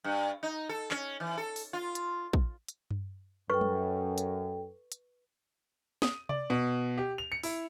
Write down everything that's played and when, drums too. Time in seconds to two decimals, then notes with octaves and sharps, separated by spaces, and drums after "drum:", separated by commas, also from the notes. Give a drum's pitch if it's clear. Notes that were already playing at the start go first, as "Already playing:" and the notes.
0.04 G2
0.43 D#4
0.69 A4
0.91 C#4, drum: clap
1.20 E3
1.37 A4
1.56 drum: open hi-hat
1.73 F4
1.95 drum: hi-hat
2.33 drum: kick
2.68 drum: hi-hat
2.91 drum: tom G2
3.50 F#2 A4 B4 G5 C#6
3.61 drum: tom G3
4.18 drum: hi-hat
4.92 drum: hi-hat
6.02 D#6, drum: snare
6.29 D5, drum: tom C3
6.50 B2
6.98 G4
7.18 F7
7.32 C#7
7.43 E4, drum: open hi-hat